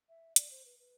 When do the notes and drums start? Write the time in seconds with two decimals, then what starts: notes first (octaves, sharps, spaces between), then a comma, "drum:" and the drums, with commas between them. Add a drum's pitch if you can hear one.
0.09 E5
0.36 D5, drum: hi-hat
0.51 C5
0.65 B4
0.79 B4